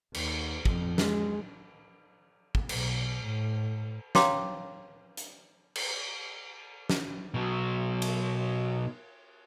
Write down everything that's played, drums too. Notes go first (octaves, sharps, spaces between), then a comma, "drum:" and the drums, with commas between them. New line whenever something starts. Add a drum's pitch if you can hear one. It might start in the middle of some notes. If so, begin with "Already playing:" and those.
D#2, drum: cymbal
F2, drum: kick
G#3, drum: snare
drum: kick
B1, drum: cymbal
A2
C#5 F5 G5 A#5 C6 D6, drum: snare
drum: hi-hat
drum: cymbal
drum: snare
B2 F#3
drum: cymbal